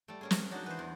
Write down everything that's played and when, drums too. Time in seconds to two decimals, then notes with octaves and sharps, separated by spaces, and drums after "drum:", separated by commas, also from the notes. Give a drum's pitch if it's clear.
0.08 G3 A3
0.21 A#3 C#4 G#4
0.31 drum: snare
0.51 F#3 D4 D#4 F#4
0.66 E3 B4 C5
0.79 E2